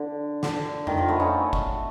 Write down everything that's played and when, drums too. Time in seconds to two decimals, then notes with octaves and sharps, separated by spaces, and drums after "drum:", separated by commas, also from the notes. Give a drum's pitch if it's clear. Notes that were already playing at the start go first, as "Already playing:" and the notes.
Already playing: D3
0.43 D3, drum: snare
0.87 D#3, drum: tom F2
0.98 F3
1.08 A3 B3
1.20 C#4 D#4
1.53 drum: kick